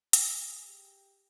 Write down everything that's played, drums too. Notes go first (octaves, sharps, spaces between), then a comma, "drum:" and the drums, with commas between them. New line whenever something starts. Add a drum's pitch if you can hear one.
G#4, drum: hi-hat
G4